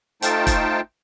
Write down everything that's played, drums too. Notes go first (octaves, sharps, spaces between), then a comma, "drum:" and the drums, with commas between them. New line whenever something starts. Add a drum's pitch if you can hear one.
A3 D#4 F4 C5 G5 A5, drum: hi-hat
drum: kick, hi-hat